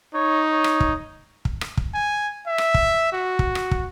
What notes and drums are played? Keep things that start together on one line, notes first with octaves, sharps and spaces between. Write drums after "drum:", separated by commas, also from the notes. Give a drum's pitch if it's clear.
D#4 C#5
C#5
drum: rim click
drum: kick
drum: kick
drum: rim click
drum: kick
G#5
E5
drum: rim click
drum: kick
F#4
drum: kick
drum: rim click
drum: kick